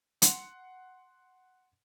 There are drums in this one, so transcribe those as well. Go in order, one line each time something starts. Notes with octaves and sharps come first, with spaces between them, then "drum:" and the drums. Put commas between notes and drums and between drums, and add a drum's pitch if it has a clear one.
F#5 C6 C#7, drum: hi-hat